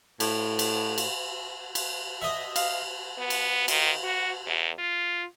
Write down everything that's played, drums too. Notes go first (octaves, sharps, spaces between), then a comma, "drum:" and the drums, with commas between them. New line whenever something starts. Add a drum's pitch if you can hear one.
A2, drum: cymbal
drum: cymbal
drum: cymbal
drum: cymbal
D#5 E5
F5, drum: cymbal
B3
drum: cymbal
D#3, drum: cymbal
F#4
E2
F4